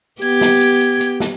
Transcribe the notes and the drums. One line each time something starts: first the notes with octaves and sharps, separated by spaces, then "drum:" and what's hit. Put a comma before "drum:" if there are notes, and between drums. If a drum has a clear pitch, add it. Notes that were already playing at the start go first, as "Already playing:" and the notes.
B3 G4 G#6, drum: hi-hat
drum: snare
drum: hi-hat
drum: hi-hat
drum: hi-hat
drum: snare